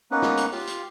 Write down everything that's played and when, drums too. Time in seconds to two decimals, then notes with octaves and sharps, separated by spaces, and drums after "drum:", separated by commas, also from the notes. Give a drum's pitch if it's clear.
0.11 A#3 B3 C#4 D#4 B4
0.22 drum: snare
0.37 drum: hi-hat
0.52 F4 G4 F5 C6, drum: open hi-hat
0.67 drum: hi-hat